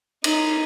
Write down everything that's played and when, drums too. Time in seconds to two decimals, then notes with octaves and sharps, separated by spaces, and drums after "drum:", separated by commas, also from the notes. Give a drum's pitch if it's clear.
0.24 D#4, drum: cymbal